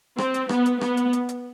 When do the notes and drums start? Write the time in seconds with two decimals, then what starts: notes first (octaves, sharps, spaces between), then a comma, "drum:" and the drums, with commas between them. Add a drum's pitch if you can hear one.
0.18 C4, drum: rim click
0.34 drum: hi-hat
0.49 B3, drum: rim click
0.66 drum: hi-hat
0.81 B3, drum: rim click
0.97 drum: hi-hat
1.13 drum: hi-hat
1.29 drum: hi-hat